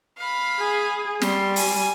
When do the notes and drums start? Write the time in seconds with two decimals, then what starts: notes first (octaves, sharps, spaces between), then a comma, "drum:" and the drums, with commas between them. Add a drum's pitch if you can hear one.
0.18 F5 B5
0.59 G#4
1.21 G3 C6, drum: snare
1.56 G#5, drum: open hi-hat